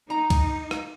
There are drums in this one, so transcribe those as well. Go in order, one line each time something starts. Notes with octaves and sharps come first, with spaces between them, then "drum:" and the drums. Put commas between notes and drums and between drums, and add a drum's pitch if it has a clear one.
D#4 A#5
drum: kick C#2, cymbal
drum: rim click